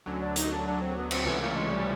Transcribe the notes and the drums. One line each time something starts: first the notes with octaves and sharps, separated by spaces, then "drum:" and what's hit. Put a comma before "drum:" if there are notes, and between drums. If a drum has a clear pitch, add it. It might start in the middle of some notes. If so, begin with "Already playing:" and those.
D2 D3 F#3 C#4
D4
D#4, drum: hi-hat
D4
D2 D3 F#3 D4
C4
B3
C4, drum: cymbal
C#2 C3 E3 A3 B3 C#4
A#3
G#3
G3